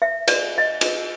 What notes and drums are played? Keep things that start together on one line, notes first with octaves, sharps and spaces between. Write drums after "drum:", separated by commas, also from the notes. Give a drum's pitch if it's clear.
E5
D5, drum: cymbal
D#5
drum: cymbal